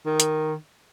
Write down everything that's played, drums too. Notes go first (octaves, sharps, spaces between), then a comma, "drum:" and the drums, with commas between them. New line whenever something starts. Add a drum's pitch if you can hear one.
D#3
drum: hi-hat